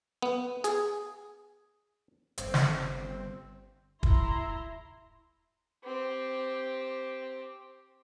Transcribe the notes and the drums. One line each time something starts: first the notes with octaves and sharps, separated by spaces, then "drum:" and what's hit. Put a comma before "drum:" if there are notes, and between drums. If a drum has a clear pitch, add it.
B3
G#4, drum: hi-hat
G1 C4, drum: hi-hat
drum: snare
E4 A#5 C6, drum: kick
C4 G4